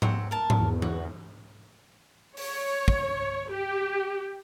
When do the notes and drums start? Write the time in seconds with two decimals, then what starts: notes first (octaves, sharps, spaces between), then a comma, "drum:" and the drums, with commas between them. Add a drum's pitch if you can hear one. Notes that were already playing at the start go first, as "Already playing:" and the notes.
0.02 C4 C#4 F#5, drum: tom G#2
0.31 A#4 A5
0.50 drum: tom G#2
0.60 E2
0.82 F#4, drum: tom E3
2.37 C#5, drum: open hi-hat
2.88 drum: kick
3.49 G4